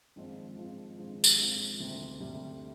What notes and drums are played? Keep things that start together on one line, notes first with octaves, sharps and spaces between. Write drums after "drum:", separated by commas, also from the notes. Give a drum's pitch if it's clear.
G#1 G#2 F3 C4 F4
G#1 G#2 F3 C4 F4
G#1 G#2 F3 C4 F4
drum: tambourine
G#1 G#2 F3 C4 F4
D2 C3 G3
D2 C3 G3